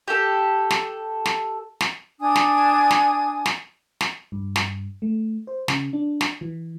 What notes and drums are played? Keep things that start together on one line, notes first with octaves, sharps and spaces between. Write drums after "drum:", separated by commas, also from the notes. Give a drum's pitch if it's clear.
G4 A4
drum: snare
drum: snare
drum: snare
D4 G#5 D#6
drum: snare
drum: snare
drum: snare
drum: snare
G2
drum: snare
A3
C5
C#3, drum: snare
D4
drum: snare
E3